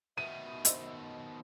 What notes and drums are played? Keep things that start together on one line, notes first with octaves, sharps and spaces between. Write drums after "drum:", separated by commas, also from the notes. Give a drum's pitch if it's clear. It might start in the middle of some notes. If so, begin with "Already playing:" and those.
B2 D#3 E5 D#7
C5 D#5 E6, drum: hi-hat